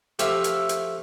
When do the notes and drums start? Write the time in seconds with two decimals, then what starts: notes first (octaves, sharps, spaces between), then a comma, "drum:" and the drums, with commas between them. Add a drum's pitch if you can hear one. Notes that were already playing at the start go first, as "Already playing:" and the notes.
0.19 F3 A3 G4 A4 E5 F5, drum: hi-hat
0.44 drum: hi-hat
0.69 drum: hi-hat